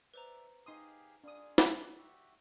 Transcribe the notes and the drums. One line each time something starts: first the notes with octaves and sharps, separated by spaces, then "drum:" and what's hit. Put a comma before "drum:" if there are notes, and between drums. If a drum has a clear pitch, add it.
B4 C5 D5 E5 A#5
D#4 G4 G#4 F5 C6 D#6
A#3 D4 F4 G#4 D#6
drum: snare
F#4 G4 E5